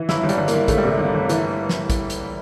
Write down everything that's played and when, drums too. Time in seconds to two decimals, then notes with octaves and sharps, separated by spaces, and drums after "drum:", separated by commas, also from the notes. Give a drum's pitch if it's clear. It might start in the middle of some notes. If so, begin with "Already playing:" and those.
Already playing: E3
0.09 G1 E4, drum: snare
0.24 G1
0.29 G3, drum: hi-hat
0.38 G1
0.48 A#3, drum: hi-hat
0.54 G1
0.68 G1 A3, drum: kick, hi-hat
0.78 G3
0.83 C3 A3
0.98 G1
1.14 G1
1.29 E3, drum: hi-hat
1.69 drum: snare
1.90 drum: kick, hi-hat
2.10 drum: hi-hat